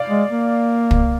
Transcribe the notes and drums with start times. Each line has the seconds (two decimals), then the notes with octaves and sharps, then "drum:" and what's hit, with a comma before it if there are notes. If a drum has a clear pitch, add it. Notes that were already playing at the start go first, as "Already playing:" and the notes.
Already playing: D5 F5
0.10 G#3
0.31 A#3
0.91 drum: kick